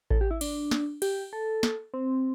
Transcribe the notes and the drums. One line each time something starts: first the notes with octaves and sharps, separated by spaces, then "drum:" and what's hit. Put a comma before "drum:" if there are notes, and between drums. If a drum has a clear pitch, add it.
A4, drum: kick A1
G4
E4
D4, drum: cymbal
drum: snare
G4, drum: cymbal
A4
drum: snare
C4